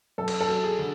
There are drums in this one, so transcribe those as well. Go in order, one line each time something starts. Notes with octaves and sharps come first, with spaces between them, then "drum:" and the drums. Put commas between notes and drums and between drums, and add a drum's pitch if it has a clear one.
F#2 A4
drum: cymbal
A4
F#3
G#4
D3